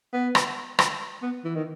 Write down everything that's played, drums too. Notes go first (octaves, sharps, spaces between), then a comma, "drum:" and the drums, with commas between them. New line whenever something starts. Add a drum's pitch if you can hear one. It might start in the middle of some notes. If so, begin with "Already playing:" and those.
B3
drum: rim click
drum: rim click
B3
E3
D#3